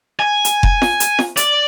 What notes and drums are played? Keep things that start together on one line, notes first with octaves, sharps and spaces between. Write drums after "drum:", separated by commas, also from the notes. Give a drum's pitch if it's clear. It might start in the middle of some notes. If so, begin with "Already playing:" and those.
G#5
drum: hi-hat
drum: kick F1
drum: snare F4
drum: hi-hat
drum: snare F4
D5, drum: hi-hat